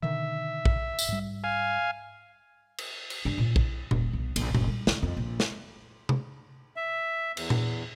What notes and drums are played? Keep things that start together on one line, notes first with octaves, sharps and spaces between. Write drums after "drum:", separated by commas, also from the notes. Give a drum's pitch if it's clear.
B2 D3 D#3 E5
drum: kick A#1
drum: tambourine
G#2 G3
F5 G#5
drum: cymbal
drum: cymbal
G2
A#2
E4, drum: kick A#1
E1, drum: tom A#2
B1
A#1, drum: cymbal
F#1, drum: tom A#2
G3
D2, drum: snare
F2
A#1
drum: snare
drum: tom C3
E5
E2, drum: cymbal
drum: tom A#2